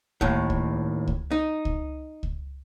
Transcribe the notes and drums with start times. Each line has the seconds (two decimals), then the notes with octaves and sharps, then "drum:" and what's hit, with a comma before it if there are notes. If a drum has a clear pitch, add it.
0.21 D#2 A2, drum: kick C#2
0.50 drum: kick C#2
1.07 drum: kick C#2
1.31 D#4
1.65 drum: kick C#2
2.23 drum: kick C#2